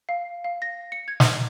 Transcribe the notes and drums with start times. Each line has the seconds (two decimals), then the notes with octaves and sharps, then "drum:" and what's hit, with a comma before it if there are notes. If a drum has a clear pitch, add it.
0.09 F5
0.45 F5
0.62 A#6
0.92 C#7
1.08 G#6
1.20 drum: snare